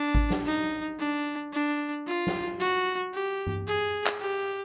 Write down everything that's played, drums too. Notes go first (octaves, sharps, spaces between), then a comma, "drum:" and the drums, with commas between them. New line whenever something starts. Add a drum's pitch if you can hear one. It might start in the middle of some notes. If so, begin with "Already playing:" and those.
Already playing: D4
drum: kick G#1
drum: snare
D#4
D4
D4
F4
drum: snare
F#4
G4
drum: tom G2
G#4
drum: clap
G4